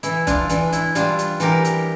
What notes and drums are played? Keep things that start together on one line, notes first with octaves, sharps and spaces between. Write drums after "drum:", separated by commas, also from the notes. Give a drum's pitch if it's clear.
E3 E4, drum: hi-hat
D4 F4, drum: kick, hi-hat
E3 D4, drum: hi-hat
E4, drum: hi-hat
G3 D4 F4, drum: hi-hat
drum: hi-hat
E3 G4 A#4, drum: hi-hat
drum: hi-hat